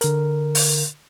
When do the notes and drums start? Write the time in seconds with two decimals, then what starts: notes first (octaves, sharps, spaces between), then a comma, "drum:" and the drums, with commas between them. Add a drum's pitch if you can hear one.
0.01 D3 A#4, drum: hi-hat
0.55 drum: open hi-hat